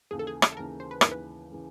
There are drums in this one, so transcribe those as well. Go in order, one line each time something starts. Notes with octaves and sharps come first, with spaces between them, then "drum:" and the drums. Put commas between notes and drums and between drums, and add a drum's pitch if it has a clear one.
D#2 C#3 E3 G#4
A4
G#4
A4, drum: rim click
A4
D#2 C#3 E3 A#4
C5
B4
D#2 C#3 E3 A#4, drum: rim click
B4
C#3 E3